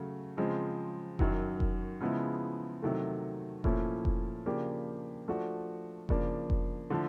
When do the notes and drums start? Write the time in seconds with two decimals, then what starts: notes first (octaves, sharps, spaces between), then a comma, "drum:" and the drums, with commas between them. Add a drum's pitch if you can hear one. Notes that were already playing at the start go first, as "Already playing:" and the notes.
Already playing: C#3 F#3 A3
0.37 C#3 F3 G#3 C4
1.19 F#2 D#3 F#3, drum: kick F1
1.60 drum: kick F1
2.01 C#3 F3 G#3 B3 E4
2.82 C3 D#3 F#3 A3
3.64 A#2 F3 A3 C#4 E4, drum: kick F1
4.05 drum: kick F1
4.46 C#3 F3 A#3 D4 G4
5.28 F3 A3 D4 F#4
6.09 C#3 F3 A#3 D4, drum: kick F1
6.50 drum: kick F1
6.90 D3 F3 A3